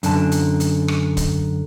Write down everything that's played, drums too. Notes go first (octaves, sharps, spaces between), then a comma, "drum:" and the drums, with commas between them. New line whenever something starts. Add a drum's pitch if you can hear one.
F#2 D3 A5, drum: hi-hat
drum: hi-hat
drum: hi-hat
drum: rim click
drum: kick D1, hi-hat